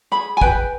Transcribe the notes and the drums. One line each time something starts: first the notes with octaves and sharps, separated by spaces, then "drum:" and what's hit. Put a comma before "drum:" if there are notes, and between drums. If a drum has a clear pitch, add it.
G#4 B5
G#5
B4 G5, drum: kick